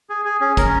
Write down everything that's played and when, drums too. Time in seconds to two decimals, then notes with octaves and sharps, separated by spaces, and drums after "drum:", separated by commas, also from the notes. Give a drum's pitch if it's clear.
0.10 G#4
0.25 G#4
0.41 C#4 G#4
0.57 C#4 A#4, drum: kick, hi-hat